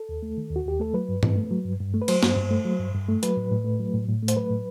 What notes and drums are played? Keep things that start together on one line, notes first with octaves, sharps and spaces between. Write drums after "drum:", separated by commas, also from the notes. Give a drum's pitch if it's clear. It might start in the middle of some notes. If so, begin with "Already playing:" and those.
Already playing: A4
D#2
A3
D#3
D#2
F#4
D#2 G4
A3 A4
F#3 B4
G2
G2, drum: tom G#2
A3
F#3
G2
G2
A3
B4
F#3 C5, drum: cymbal
G2, drum: snare
G2
A3
F#3
G2
G2
A3
F#3 B4, drum: hi-hat
A2
A2
A3
F#3
A2
A2
A3
C5, drum: hi-hat
F#3 B4
A2